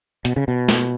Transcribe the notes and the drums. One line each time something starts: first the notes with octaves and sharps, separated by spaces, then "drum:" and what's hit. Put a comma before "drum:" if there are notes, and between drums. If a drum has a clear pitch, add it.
B2, drum: hi-hat
C#3
B2
drum: snare